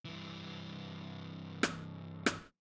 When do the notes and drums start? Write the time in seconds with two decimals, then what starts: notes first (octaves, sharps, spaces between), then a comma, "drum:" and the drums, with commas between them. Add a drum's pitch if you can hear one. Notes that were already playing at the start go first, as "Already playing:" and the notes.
0.05 G2 E3
1.63 drum: rim click
2.26 drum: rim click